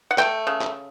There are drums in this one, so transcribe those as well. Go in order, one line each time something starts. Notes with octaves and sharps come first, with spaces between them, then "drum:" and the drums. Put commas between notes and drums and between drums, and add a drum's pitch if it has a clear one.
F#5
A3 G5, drum: clap
C#3
drum: clap